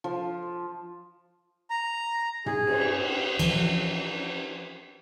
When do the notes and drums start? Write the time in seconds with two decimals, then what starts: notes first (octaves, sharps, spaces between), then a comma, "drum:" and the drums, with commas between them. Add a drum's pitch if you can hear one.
0.04 F3
1.70 A#5
2.46 G#4, drum: tom
2.67 drum: cymbal
3.39 E3 F3, drum: cymbal